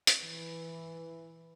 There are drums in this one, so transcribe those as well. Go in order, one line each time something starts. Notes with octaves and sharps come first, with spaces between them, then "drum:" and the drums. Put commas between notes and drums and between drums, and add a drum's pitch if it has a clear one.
drum: hi-hat
E3